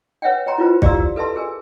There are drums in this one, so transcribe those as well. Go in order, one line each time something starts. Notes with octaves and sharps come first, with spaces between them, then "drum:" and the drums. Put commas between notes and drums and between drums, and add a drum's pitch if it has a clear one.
B4 C#5 E5 F#5 G5
C#5 G5 A#5 C6
E4 F4 B4 C5
G4 D5 F5 A#5 C6 E6, drum: kick
A4 B4 E5 A5 C6
G#4 A#4 G#5